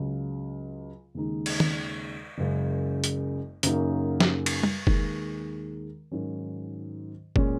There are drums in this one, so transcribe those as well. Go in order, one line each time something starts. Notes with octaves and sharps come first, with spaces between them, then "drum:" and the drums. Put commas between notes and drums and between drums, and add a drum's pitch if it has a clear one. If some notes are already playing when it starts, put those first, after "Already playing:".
Already playing: C#2 C#3 F#3
D#2 C#3 G#3 D#4
drum: cymbal
drum: tom
F#1 F#2 C#3 G#3
drum: hi-hat
F#2 C#3 F#3 A#3 D#4, drum: hi-hat
drum: snare
drum: cymbal
drum: tom G3
D#2 D#3 G#3 D#4, drum: kick F#1
G#2 D#3 F#3 C#4
A#2 G#3 C#4, drum: kick F#1